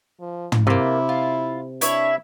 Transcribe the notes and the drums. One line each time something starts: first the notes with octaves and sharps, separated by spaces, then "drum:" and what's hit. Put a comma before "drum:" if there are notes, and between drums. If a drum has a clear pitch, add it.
F3
drum: tom
C3 A3 A#3 E4
F4
D4 E4 C#5 E5, drum: hi-hat